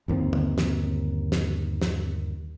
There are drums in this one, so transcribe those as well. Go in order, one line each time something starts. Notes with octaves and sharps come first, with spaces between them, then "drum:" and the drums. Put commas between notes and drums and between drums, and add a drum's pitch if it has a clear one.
G1 D#2 D#3 C4
drum: tom
drum: snare
drum: snare
drum: snare